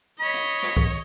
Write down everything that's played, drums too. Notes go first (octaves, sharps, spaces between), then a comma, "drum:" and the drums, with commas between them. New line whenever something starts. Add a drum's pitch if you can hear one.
C#5 D#5 B5
drum: hi-hat
drum: rim click
drum: kick C2